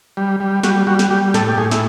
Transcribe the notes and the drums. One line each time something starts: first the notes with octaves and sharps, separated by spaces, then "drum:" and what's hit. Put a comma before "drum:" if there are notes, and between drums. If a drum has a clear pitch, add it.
G3
G3
G3 F#4, drum: snare
G3 F#4
drum: snare
G3 G4
A2 A4, drum: snare
G4
A2 G#4
E4, drum: snare